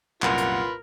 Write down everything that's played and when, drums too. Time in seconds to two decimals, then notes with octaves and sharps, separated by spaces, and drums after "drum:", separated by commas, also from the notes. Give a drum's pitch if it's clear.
0.23 C2 F#2 A#2 F4 A#4 B4 F#5, drum: clap
0.38 drum: hi-hat